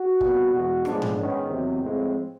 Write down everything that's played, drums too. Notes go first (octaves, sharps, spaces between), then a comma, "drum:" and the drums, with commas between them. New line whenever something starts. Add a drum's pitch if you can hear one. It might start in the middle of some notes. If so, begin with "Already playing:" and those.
Already playing: F#4
C2 A#2 G3 B3, drum: kick
E2 B2 G#3 B3 F#4
A2 F3 G#3 B3 D4, drum: rim click
drum: tom G#2
G#2 D#3 G#3 B3 C#4
E2 C3 D#3 F#3 C4
A2 F3 G#3 C4